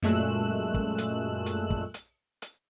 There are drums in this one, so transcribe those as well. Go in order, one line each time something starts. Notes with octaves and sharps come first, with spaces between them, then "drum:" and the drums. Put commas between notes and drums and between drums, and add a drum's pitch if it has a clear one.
F#2 A#2 G#3 A3 E6 F#6
drum: kick
drum: hi-hat
drum: hi-hat
drum: kick
drum: hi-hat
drum: hi-hat